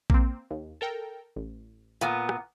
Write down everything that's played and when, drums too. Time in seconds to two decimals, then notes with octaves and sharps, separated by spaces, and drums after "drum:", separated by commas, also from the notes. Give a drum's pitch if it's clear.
0.10 A#3 C4, drum: kick A#1
0.51 D#2
0.81 A4 A#4 G5
1.36 A1
2.01 A#2 B3, drum: hi-hat
2.29 drum: rim click